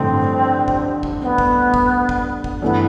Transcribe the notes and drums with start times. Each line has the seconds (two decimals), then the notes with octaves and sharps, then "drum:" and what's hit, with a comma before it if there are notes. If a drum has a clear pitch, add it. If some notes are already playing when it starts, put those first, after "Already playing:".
Already playing: A1 G2 D3 F3 C4
0.68 drum: kick
1.03 drum: kick
1.20 C4
1.25 B3
1.38 drum: kick
1.74 drum: kick
2.09 drum: kick
2.44 drum: kick
2.62 G2 E3 A3 B3